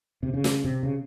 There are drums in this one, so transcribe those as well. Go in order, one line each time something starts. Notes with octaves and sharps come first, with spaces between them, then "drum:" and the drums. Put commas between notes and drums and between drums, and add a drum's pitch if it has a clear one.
C3
C#3
drum: snare
C3
C#3